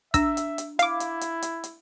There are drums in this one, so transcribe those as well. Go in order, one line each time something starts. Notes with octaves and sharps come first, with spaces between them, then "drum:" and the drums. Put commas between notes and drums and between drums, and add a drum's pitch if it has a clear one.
D4 E5 E6, drum: kick, hi-hat
drum: hi-hat
drum: hi-hat
E4 F5 D6, drum: hi-hat
drum: hi-hat
drum: hi-hat
drum: hi-hat
drum: hi-hat